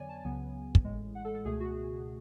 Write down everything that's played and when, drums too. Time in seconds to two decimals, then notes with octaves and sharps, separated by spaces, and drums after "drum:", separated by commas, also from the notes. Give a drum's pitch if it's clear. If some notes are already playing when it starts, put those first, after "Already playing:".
Already playing: F2 D3 F#3 B3 C#5 D5 G#5
0.09 A5
0.24 C#2 C#3 F#3 B3 G#5
0.75 drum: kick
0.84 A1 A2 G#3
1.15 F#5
1.25 A4
1.35 A4
1.45 C#2 B2 A3 G#4
1.60 F#4